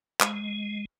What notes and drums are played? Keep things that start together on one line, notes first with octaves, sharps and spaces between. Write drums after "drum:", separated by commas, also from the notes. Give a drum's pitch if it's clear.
G#3, drum: clap